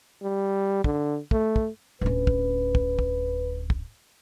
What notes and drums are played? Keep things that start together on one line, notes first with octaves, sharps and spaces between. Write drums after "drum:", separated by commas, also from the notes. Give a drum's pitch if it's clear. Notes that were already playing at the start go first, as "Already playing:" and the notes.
G3
D3, drum: kick
A3, drum: kick
drum: kick
D1 C#4 B4
drum: kick
drum: kick
drum: kick
drum: kick